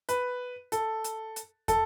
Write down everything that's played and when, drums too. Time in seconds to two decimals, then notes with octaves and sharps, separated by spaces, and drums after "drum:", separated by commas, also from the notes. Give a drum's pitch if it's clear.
0.09 B4, drum: hi-hat
0.72 A4, drum: hi-hat
1.04 drum: hi-hat
1.36 drum: hi-hat
1.68 A4, drum: kick, hi-hat